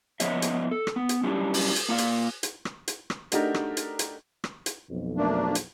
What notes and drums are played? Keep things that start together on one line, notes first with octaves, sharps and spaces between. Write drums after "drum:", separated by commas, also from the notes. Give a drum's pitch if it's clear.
F3 B3 C#5 D#5 E5, drum: hi-hat
drum: hi-hat
A4
drum: rim click
B3
drum: hi-hat
F#3 G3 C#4 D4 E4 G4
drum: open hi-hat
drum: hi-hat
A#3 F4 F5
drum: hi-hat
drum: hi-hat
drum: rim click
drum: hi-hat
drum: rim click
A3 D4 D#4 F#4 G4 A#4, drum: hi-hat
drum: rim click
drum: hi-hat
drum: hi-hat
drum: rim click
drum: hi-hat
B1 F2
A3 A#3 D4
drum: hi-hat